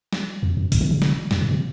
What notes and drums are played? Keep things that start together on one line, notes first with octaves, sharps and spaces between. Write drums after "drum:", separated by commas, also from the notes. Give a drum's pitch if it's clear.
drum: snare
F2
F#2
G#2, drum: kick, open hi-hat
D#3
C#3
C#3, drum: snare
F#2, drum: snare
A#2
C3